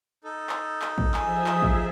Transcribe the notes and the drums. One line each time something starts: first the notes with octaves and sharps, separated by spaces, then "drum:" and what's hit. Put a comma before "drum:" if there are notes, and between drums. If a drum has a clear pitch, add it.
D#4 A4
drum: clap
drum: clap
drum: kick
F3 G#4 E5 G#5 D#6, drum: clap
drum: clap
drum: kick